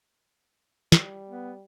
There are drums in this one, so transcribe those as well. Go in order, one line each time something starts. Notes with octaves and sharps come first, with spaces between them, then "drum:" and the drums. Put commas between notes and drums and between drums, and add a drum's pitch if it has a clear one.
G3, drum: snare
B3